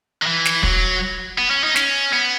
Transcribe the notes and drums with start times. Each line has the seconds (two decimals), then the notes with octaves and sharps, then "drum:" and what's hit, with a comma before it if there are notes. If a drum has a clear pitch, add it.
0.22 D#3
0.26 E3
0.45 drum: snare
0.63 F#3, drum: kick
1.38 B3
1.50 C#4
1.64 D#4
1.76 C#4, drum: snare
2.13 B3